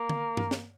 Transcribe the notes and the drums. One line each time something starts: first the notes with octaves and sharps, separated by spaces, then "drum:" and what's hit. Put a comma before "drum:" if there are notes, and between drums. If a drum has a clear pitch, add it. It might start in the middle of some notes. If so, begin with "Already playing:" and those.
Already playing: A#3
drum: tom D3
drum: tom G2
drum: snare